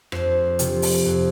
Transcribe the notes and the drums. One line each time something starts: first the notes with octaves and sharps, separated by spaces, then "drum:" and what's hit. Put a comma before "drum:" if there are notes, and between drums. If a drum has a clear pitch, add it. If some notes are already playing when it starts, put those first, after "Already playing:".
F2 C5, drum: rim click
C3 F3, drum: hi-hat
drum: open hi-hat
F2